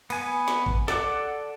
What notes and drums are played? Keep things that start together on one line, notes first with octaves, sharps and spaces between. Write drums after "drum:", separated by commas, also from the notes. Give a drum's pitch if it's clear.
B3 G#5, drum: cymbal
drum: snare
drum: kick G#1
A4 D5 F#5, drum: snare